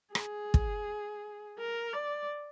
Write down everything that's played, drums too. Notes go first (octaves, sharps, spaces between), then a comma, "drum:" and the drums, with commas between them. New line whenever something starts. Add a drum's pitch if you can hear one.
G#4, drum: rim click
drum: kick
A#4
D5